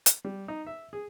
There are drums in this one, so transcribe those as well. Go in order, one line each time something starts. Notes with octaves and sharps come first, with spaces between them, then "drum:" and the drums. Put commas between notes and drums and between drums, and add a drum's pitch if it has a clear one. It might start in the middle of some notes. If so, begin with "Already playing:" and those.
drum: hi-hat
G3
D#4
E5
G#4